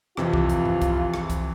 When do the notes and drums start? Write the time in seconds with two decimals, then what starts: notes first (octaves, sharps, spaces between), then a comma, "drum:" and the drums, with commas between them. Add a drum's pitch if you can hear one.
0.17 F2 C3 E3 F4, drum: rim click
0.33 drum: kick B1
0.49 drum: hi-hat
0.66 drum: tom G2
0.82 drum: kick B1, hi-hat
1.14 drum: rim click
1.30 drum: kick B1, hi-hat